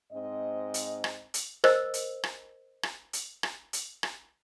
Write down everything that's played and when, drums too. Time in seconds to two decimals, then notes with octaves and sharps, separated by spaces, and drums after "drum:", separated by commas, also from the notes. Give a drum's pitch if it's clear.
0.12 G#2 C4 D#5
0.74 drum: hi-hat
1.04 drum: rim click
1.34 drum: hi-hat
1.64 A#4 C5 D#5 E6, drum: rim click
1.94 drum: hi-hat
2.23 drum: rim click
2.83 drum: rim click
3.13 drum: hi-hat
3.43 drum: rim click
3.73 drum: hi-hat
4.03 drum: rim click